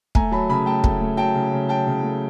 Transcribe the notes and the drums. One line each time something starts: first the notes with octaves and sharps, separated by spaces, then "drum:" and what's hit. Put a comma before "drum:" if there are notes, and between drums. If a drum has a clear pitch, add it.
A3 G#5 A#5, drum: kick
F#3 A5 B5
C#3 A5 B5
A3 G5 A5
A3, drum: kick
A3
F#3 G5 A5
C#3
C#3
F#3 G5 A5
C#3
A3